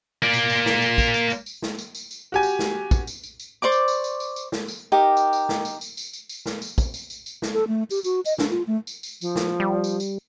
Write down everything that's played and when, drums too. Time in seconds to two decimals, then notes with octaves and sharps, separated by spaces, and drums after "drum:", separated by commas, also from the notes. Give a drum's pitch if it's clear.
0.22 A#3 D5
0.34 drum: tambourine
0.50 drum: tambourine
0.66 drum: snare
0.82 drum: tambourine
0.98 drum: kick, tambourine
1.14 drum: tambourine
1.30 drum: tambourine
1.46 drum: tambourine
1.62 drum: snare
1.78 drum: tambourine
1.95 drum: tambourine
2.11 drum: tambourine
2.32 F#4 G4 G#5
2.43 drum: tambourine
2.59 drum: snare
2.91 drum: kick, tambourine
3.07 drum: tambourine
3.23 drum: tambourine
3.40 drum: tambourine
3.62 C5 D5 C#6 D6
3.72 drum: tambourine
3.88 drum: tambourine
4.04 drum: tambourine
4.20 drum: tambourine
4.36 drum: tambourine
4.52 drum: snare
4.68 drum: tambourine
4.92 D#4 G4 A#4
5.17 drum: tambourine
5.33 drum: tambourine
5.49 drum: snare
5.65 drum: tambourine
5.81 drum: tambourine
5.97 drum: tambourine
6.13 drum: tambourine
6.29 drum: tambourine
6.46 drum: snare
6.62 drum: tambourine
6.78 drum: kick, tambourine
6.94 drum: tambourine
7.10 drum: tambourine
7.26 drum: tambourine
7.42 drum: snare
7.53 A4
7.68 A3
7.91 G4, drum: tambourine
8.04 F#4, drum: tambourine
8.25 D#5, drum: tambourine
8.38 D4, drum: snare
8.50 F4
8.67 A3
8.87 drum: tambourine
9.03 drum: tambourine
9.21 F3, drum: tambourine
9.35 drum: snare
9.60 G3
9.84 drum: tambourine
10.00 drum: tambourine